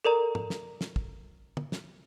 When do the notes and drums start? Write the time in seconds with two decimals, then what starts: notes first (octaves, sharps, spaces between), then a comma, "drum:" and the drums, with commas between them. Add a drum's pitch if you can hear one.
0.05 A4 A#4 D5 A#5
0.35 drum: tom
0.50 drum: snare
0.81 drum: snare
0.96 drum: kick
1.57 drum: tom
1.72 drum: snare